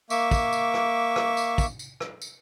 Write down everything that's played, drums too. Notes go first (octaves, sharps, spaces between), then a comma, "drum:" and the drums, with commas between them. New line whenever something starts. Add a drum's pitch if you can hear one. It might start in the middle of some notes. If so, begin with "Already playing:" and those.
A#3 E5 C#6 D6, drum: tambourine
drum: kick, tambourine
drum: tambourine
drum: rim click
drum: rim click
drum: tambourine
drum: kick, tambourine
drum: tambourine
drum: rim click
drum: tambourine